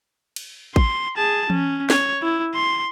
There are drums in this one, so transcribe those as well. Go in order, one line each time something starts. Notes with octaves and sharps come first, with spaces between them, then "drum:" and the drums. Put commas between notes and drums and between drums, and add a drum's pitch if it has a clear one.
drum: cymbal
C6, drum: kick A1
G#4 A5
C#4, drum: tom E3
C#5, drum: snare
E4
C6